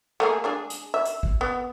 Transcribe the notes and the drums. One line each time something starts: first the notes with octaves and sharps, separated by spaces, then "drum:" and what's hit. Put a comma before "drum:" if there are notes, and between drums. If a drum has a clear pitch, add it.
A3 A#3 G#4
G#3 D4 G#4
drum: hi-hat
E5
drum: hi-hat
drum: kick G#1
B3